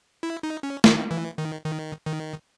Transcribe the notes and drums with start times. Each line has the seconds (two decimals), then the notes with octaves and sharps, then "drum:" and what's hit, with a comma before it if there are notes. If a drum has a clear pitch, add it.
0.23 E4
0.43 D#4
0.63 C#4
0.84 D#3, drum: snare
1.11 E3
1.38 D#3
1.65 D#3
2.06 D#3